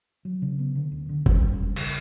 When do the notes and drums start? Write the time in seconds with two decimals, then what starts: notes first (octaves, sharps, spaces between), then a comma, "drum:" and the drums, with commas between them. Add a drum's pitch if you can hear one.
0.25 F#3
0.42 C#3
0.59 B3
0.75 D3
0.92 D2
1.09 D3
1.26 G3, drum: kick
1.42 C#4
1.59 G3
1.76 C#3, drum: cymbal